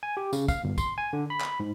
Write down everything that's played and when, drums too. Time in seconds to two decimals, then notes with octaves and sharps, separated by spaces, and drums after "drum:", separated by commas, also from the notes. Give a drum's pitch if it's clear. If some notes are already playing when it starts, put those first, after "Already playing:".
0.03 G#5
0.17 G4
0.33 C#3, drum: tambourine
0.48 F5, drum: kick, tambourine
0.64 G1
0.78 C6, drum: kick, tambourine
0.98 G#5
1.13 D3
1.30 B5
1.41 drum: clap
1.60 G#2